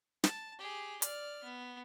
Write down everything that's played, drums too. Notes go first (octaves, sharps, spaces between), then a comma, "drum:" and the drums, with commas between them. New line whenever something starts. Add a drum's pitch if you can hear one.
A5, drum: snare
G4 G#4
D5 F6, drum: hi-hat
B3